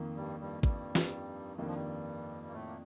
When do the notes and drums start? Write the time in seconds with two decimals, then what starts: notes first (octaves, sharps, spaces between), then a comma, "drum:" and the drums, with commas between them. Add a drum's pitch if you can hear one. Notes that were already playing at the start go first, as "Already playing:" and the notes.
Already playing: F2 D#3 A#3
0.16 G2 G3
0.40 G2 G3
0.63 G2 G3, drum: kick
0.95 drum: snare
1.57 F2 D#3 G3 A#3 D4
1.66 F3
1.75 G2 G3
2.47 A#3
2.53 A2 A3
2.66 A#3